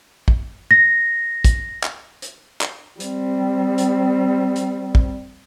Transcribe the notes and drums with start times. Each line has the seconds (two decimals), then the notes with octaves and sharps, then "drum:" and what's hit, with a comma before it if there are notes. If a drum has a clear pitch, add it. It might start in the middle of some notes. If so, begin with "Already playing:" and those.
0.28 drum: kick
0.71 A#6
1.44 drum: kick, hi-hat
1.83 drum: clap
2.22 drum: hi-hat
2.61 drum: clap
3.00 G3 C4, drum: hi-hat
3.78 drum: hi-hat
4.56 drum: hi-hat
4.95 drum: kick